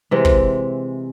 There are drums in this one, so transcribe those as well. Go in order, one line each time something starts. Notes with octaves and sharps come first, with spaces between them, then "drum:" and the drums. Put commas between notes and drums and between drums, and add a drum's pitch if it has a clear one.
C3 E3 G#3
drum: kick